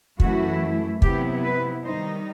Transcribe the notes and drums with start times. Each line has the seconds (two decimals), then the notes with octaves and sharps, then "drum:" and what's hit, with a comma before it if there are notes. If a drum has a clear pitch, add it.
0.20 F#2 E3 A3 E4 F#4, drum: kick
1.02 C3 F#3 B3 E4 G4, drum: kick
1.43 B4
1.84 D#3 G3 D#4 C5